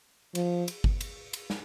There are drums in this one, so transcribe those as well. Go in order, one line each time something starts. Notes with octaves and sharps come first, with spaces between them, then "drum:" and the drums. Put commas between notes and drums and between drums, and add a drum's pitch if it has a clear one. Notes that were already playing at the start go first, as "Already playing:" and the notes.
F3, drum: cymbal
drum: cymbal
drum: kick G1
drum: cymbal
drum: cymbal
drum: snare